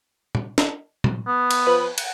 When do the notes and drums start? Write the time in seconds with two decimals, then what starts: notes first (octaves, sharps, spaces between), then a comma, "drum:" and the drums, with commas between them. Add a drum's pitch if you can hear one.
0.35 drum: tom
0.58 drum: snare
1.04 drum: tom
1.27 B3
1.51 drum: cymbal
1.67 F3 B4 B5
1.98 F#5, drum: cymbal